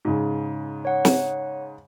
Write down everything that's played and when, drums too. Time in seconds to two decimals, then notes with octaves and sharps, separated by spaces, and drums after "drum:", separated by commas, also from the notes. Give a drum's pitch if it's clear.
0.05 G#2 C#3
0.85 C#5 F#5
1.05 drum: snare